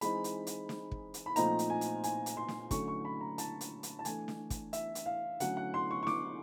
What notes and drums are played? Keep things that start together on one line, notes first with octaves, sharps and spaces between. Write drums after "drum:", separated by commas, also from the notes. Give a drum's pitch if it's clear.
E3 G#3 C4 D#4 B5, drum: hi-hat
drum: hi-hat
drum: hi-hat
drum: snare
drum: kick
drum: hi-hat
B5
A#2 F3 A3 C4 D#4 A#5, drum: hi-hat
drum: hi-hat
G#5
drum: hi-hat
G#5, drum: hi-hat
drum: hi-hat
C6
drum: snare
D3 F#3 A3 C#4 C#6, drum: kick, hi-hat
C#6
B5
A#5
A5, drum: hi-hat
drum: hi-hat
drum: hi-hat
A5
E3 A3 D4 G#5, drum: hi-hat
drum: snare
drum: kick, hi-hat
E5, drum: hi-hat
drum: hi-hat
F5
D3 F#3 A3 C#4 F#5, drum: hi-hat
F#5
C6
C#6
C#6
D6, drum: snare